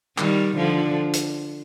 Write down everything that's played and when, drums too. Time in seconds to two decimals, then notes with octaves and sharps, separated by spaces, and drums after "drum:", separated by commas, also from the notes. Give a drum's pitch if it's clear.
0.18 D#3 G3, drum: clap
0.56 D3 F3
1.13 drum: hi-hat